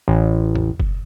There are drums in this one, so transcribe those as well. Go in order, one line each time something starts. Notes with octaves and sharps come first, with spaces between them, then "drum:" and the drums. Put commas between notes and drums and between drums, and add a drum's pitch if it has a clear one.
A1
drum: tom E2
drum: kick